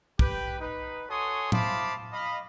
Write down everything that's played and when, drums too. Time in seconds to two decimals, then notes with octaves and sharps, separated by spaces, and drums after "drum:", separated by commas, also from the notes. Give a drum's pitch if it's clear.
0.19 G4 B4 G5, drum: kick
0.60 D#4 B4
1.09 F#4 A4 C#5 G#5 C6 D#6
1.52 E4 C5 F5 A5 B5 D6, drum: tom A2
2.12 D#5 F5 B5